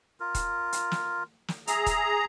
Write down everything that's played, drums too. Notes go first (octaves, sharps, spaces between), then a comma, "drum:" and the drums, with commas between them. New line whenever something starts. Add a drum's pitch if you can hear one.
F4 A#4
drum: kick D#1, hi-hat
drum: hi-hat
drum: snare
drum: snare
G#4 E5 A#5, drum: hi-hat
drum: kick D#1, hi-hat